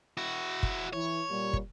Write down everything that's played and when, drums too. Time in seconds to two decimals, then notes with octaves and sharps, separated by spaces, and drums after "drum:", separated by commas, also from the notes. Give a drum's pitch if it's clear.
0.17 E4 F#4
0.63 drum: kick
0.93 E3 E4 C#5
1.29 A#2 G3
1.53 drum: kick